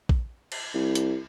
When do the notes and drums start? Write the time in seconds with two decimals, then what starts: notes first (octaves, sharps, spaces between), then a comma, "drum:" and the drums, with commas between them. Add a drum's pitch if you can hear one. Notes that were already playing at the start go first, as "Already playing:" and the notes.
0.09 drum: kick A#1
0.52 drum: cymbal
0.74 C2
0.95 drum: hi-hat